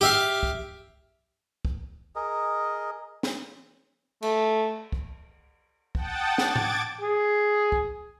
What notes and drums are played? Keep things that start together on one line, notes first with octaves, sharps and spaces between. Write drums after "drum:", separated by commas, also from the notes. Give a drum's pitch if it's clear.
G4 E5 F5
drum: kick
drum: kick
G#4 A#4 D#5
drum: snare
A3, drum: cymbal
drum: kick
F#5 G5 A5 D#6 A6, drum: kick
D6 G#6 A6 D7, drum: snare
drum: tom A2
G#4
drum: kick